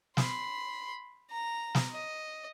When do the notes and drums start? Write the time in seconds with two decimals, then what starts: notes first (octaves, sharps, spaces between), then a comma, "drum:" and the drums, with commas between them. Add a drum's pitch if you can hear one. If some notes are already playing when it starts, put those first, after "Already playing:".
0.17 B5 C6, drum: snare
1.30 A#5
1.75 drum: snare
1.92 D#5